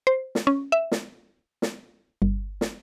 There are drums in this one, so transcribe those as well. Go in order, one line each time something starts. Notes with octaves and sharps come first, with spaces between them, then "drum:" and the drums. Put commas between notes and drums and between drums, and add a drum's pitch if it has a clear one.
C5
drum: snare
C#4
E5
drum: snare
drum: snare
G1
drum: snare